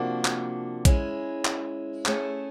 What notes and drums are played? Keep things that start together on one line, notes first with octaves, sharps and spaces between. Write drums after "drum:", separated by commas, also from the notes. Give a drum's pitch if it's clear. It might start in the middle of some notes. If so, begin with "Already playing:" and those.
Already playing: C3 F3 A#3 D4 F#4
drum: clap
G#3 C#4 E4, drum: kick A#1, hi-hat
drum: clap
A3 C#4 E4 G#4, drum: clap